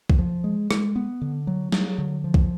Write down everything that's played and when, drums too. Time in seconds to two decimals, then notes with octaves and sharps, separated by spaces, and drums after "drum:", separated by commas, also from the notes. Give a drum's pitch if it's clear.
0.10 drum: kick B1
0.19 F3
0.44 G#3
0.71 G#3, drum: rim click
0.96 B3
1.22 D3
1.47 F#3
1.72 F#3, drum: snare
1.98 D3
2.24 F3
2.34 drum: kick B1